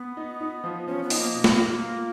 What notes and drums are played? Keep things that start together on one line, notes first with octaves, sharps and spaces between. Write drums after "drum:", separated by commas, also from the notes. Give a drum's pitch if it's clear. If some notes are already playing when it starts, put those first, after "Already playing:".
Already playing: B3
D#4
D#4
F3
F3 C#4
B3
D#4, drum: open hi-hat
A#3
B2
drum: snare
F4
F4